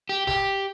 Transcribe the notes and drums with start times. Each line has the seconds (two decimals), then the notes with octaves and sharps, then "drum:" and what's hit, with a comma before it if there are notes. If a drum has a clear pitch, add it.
0.09 G4
0.27 G4, drum: snare